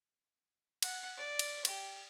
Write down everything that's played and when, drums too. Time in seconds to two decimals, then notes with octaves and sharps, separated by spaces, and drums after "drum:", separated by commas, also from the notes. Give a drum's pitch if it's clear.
0.82 F#5, drum: cymbal
1.17 D5
1.39 drum: cymbal
1.65 G4, drum: cymbal